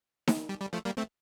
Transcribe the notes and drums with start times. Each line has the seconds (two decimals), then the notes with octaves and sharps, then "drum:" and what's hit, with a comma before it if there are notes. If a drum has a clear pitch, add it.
0.28 drum: snare D#4
0.49 G3
0.61 G3
0.73 F3 A3
0.85 G3 A#3
0.97 A3 C4